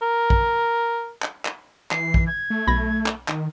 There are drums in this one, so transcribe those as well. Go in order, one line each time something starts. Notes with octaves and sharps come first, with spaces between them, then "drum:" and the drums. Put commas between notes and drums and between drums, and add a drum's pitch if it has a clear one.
A#4
drum: kick
drum: clap
drum: clap
E3 C7, drum: clap
drum: kick
G#6
A3
B1 B5 A#6
drum: clap
D#3, drum: clap